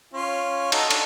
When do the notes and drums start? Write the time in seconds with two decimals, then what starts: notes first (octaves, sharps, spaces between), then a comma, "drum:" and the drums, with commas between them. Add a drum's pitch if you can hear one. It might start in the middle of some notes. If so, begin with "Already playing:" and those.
0.13 C#4 F4
0.72 D#4 F#4 A4, drum: cymbal
0.91 D4, drum: cymbal